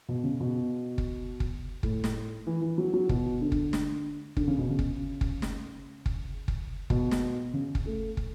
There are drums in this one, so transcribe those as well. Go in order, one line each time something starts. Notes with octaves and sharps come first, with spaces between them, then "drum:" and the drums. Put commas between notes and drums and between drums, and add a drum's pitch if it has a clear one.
B2
C#3
B2
drum: kick
drum: kick
A2, drum: kick
drum: snare
E3
E3
F#3
F#3
B2, drum: kick
D3
drum: kick
drum: snare
D3, drum: kick
C#3
B2
C#3
drum: kick
drum: kick
drum: snare
drum: kick
drum: kick
B2, drum: kick
drum: snare
C#3
drum: kick
A3
drum: kick